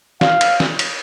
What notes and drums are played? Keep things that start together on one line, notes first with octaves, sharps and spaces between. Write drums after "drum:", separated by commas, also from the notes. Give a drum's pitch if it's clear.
F5, drum: snare
drum: cymbal
drum: snare
drum: cymbal